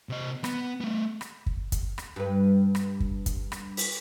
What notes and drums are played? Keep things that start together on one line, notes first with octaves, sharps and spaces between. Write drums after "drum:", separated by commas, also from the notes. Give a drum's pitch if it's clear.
C3 D#5
B3, drum: rim click
A3 B3
drum: rim click
drum: kick
drum: kick, hi-hat
drum: rim click
G2 B4
drum: rim click
drum: kick
drum: kick, hi-hat
drum: rim click
drum: open hi-hat